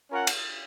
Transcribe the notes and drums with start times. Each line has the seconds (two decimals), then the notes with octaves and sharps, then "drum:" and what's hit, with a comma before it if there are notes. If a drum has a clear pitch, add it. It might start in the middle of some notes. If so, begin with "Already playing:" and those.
0.11 C#4 F4 A#4 C#5 F#5
0.27 drum: cymbal